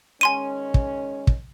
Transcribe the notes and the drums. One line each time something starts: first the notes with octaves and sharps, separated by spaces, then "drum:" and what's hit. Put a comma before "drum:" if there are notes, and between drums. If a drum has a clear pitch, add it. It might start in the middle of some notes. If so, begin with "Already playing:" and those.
D#3 G#3 C#4 G#5 C6 D#7
drum: kick
drum: kick